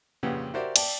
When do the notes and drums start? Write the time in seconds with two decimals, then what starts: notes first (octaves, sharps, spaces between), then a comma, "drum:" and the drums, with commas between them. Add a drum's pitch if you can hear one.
0.23 F2 A#2 C#3 B3 G4 F#5
0.54 F#4 G4 A#4 C5 D5 E5
0.76 D5 G5 A5, drum: cymbal